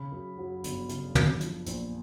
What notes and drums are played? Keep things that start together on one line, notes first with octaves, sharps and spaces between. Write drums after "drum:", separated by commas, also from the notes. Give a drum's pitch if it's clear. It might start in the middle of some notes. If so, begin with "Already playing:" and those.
Already playing: C#3 B5
F#2
F#3
G1, drum: hi-hat
C#3, drum: hi-hat
F#2, drum: tom
F3, drum: hi-hat
A#1, drum: hi-hat